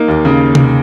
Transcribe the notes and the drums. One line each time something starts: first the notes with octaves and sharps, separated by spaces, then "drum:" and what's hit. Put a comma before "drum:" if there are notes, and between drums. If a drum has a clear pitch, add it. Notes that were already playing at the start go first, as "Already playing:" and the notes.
Already playing: A#3 D#4
D#2
C#3
drum: tom C3